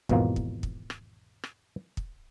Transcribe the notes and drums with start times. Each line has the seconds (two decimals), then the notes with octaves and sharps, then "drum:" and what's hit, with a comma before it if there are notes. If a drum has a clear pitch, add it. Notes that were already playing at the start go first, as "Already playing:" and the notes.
0.09 G#1 E2 B2 F3 A#3, drum: kick
0.36 drum: kick
0.63 drum: kick
0.90 drum: rim click
1.44 drum: rim click
1.97 drum: kick